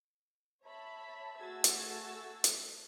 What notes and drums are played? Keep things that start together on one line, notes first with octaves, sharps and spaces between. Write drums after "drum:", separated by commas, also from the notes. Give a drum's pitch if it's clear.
C#5 E5 A5 B5
A3 F#4 G#4 E6 G#6 A6
drum: hi-hat
drum: hi-hat